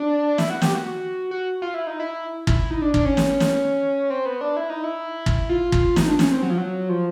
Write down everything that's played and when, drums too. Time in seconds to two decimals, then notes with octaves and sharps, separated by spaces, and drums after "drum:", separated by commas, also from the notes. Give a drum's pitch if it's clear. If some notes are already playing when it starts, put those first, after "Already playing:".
Already playing: D4
0.38 E4, drum: snare
0.50 F#4
0.62 G4, drum: snare
0.73 F#4
1.31 F#4
1.62 F4
1.74 E4
1.87 D#4
2.00 E4
2.47 E4, drum: kick
2.71 D#4
2.82 D4
2.94 D4, drum: kick
3.05 C#4
3.17 drum: snare
3.40 drum: snare
4.10 C4
4.26 B3
4.41 D4
4.57 E4
4.70 D#4
4.84 E4
5.26 drum: kick
5.49 F4
5.72 F4, drum: kick
5.96 D#4, drum: snare
6.07 D4
6.19 C#4, drum: snare
6.31 C4
6.42 F#3
6.50 F3
6.58 F#3
6.89 F3